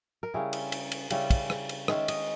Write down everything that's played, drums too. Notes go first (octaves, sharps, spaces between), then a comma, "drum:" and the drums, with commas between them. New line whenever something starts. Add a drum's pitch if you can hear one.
A#4
C#3 G3 C#4 E4 G#4
drum: cymbal
drum: cymbal
drum: cymbal
C#3 G3 C#4 E4, drum: cymbal
drum: kick, cymbal
drum: rim click
drum: cymbal
D#3 G#3 C#4 E5, drum: rim click
D#5, drum: cymbal